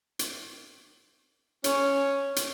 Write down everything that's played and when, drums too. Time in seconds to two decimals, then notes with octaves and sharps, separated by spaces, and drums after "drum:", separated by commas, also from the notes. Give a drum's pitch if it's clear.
0.19 drum: hi-hat
1.64 C#4, drum: hi-hat
2.36 drum: hi-hat